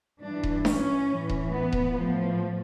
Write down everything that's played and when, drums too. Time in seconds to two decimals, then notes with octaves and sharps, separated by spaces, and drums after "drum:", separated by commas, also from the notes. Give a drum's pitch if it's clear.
0.22 G2 E3 D4
0.43 drum: kick D#1
0.65 C#4, drum: snare D4
1.08 A2 E3
1.29 drum: kick D#1
1.50 B3
1.72 drum: kick D#1
1.93 A2 F3